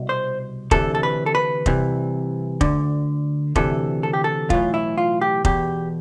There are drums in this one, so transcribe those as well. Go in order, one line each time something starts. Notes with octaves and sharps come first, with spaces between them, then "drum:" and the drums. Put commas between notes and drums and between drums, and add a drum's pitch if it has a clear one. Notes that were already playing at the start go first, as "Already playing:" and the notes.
Already playing: C2 B2
C5
D2 C3 E3 A4, drum: kick F1
A4
B4
A4
B4
C2 C3 E3, drum: kick F1
D2 D3, drum: kick F1
D2 C3 E3 A4, drum: kick F1
A4
G4
A4
B1 A2 E3 F4, drum: kick F1
E4
F4
G4
E2 B2 G4, drum: kick F1